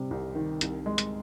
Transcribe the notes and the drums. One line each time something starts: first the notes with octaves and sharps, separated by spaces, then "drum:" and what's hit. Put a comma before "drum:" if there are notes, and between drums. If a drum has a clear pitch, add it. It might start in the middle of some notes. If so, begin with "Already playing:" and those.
Already playing: C3 G3
C2
D#3
C2, drum: hi-hat
G#3
drum: hi-hat